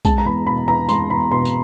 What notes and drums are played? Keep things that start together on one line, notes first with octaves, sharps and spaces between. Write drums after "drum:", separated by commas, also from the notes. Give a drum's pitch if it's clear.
G#3 A5, drum: kick, tambourine
A#5
E2 B5
B2 B5
E2 A#5
G#3 C6, drum: tambourine
E2 B5
B2 C6
drum: tambourine